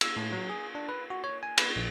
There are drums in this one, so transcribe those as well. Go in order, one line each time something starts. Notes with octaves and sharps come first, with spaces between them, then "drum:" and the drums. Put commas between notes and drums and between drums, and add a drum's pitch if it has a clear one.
E6, drum: cymbal
A2
F#3
G#4
D4
B4
F#4
C#5
G#5
B4, drum: cymbal
A#1